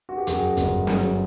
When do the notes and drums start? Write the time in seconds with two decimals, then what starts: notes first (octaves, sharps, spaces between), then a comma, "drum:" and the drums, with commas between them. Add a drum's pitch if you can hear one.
0.09 F#4
0.18 G4
0.27 F#2 F#4 G#4, drum: hi-hat
0.57 G1, drum: hi-hat
0.87 F#3, drum: snare